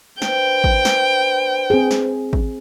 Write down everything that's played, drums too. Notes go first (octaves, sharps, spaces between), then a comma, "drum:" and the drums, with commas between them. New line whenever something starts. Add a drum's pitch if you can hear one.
D4 B4 C5 G5, drum: snare
drum: kick G#1
drum: snare
C4 G#4
drum: snare
drum: kick G#1